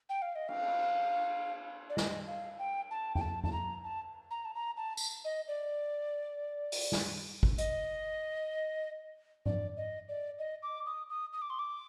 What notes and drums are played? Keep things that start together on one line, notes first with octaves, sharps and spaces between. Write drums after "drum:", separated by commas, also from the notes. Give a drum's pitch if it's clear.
G5
F5
D#5
F5, drum: cymbal
D5
D#5, drum: snare
F5
G5
A5
G5, drum: tom E2
A5
A5, drum: tom E2
A#5
A5
A#5
A5
A#5
A5
drum: tambourine
D#5
D5
drum: open hi-hat
drum: snare
drum: kick G#1
D#5, drum: hi-hat
D5, drum: tom G#2
D#5
D5
D#5
D6
D#6
D#6
D#6
D6
C6
D6